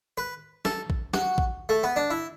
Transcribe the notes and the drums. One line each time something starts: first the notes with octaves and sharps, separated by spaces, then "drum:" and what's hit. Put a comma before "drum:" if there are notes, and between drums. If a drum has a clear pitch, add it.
B4
A4, drum: snare
drum: kick A#1
F#4, drum: snare
drum: kick A#1
A3
B3
D4
E4